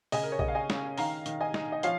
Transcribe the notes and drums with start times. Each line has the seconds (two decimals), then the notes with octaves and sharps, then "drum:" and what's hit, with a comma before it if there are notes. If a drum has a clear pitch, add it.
0.12 C#3 D#5 G#5, drum: open hi-hat
0.23 A#4
0.32 C#5
0.39 C#3 D#5, drum: kick A#1
0.48 F5
0.55 D#5 G#5
0.70 C#4, drum: snare
0.98 D#3 F5 A#5, drum: open hi-hat
1.26 D#3, drum: hi-hat
1.41 D#5 G#5
1.54 D#4, drum: snare
1.72 D#5
1.83 F3 C#5 F5, drum: hi-hat